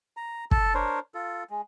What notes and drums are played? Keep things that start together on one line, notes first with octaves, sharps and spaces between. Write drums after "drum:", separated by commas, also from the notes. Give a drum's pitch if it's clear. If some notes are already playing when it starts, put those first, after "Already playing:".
A#5
A4 A5, drum: kick
D4 A#4 C5 C#5
F4 A4
G#3